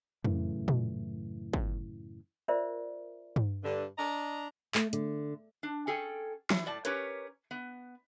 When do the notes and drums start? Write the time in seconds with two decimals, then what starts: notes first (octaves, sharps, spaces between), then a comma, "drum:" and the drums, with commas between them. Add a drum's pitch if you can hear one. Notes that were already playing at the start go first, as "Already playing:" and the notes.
0.25 F#2 A2 C#3 E3, drum: tom F2
0.68 drum: tom A#2
1.53 drum: kick
2.48 F4 A#4 C5 D5 E5
3.36 drum: tom G2
3.64 G2 D3
3.98 D4 D#5 A#5
4.75 A3, drum: clap
4.93 D3, drum: hi-hat
5.63 D4
5.87 C#4 G#4 A4 G5
6.50 E3, drum: snare
6.66 A2 D5 A5
6.85 C#4 G4 A#4 B4 C#5, drum: hi-hat
7.51 B3